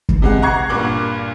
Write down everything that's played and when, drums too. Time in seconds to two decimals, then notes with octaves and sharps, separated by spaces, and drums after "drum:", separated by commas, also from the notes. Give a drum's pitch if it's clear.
0.09 drum: kick
0.22 C3 G#3 F#5
0.42 F#5 A#5 C#6 G#6 C7
0.69 G2 A#2 D6 F#6